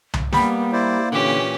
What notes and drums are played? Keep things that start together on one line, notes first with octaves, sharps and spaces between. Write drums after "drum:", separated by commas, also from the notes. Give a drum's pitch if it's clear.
drum: tom C2
G3 A#3 B3 B5, drum: snare
E4 C5 D5
A#2 D3 E3 C#4 G4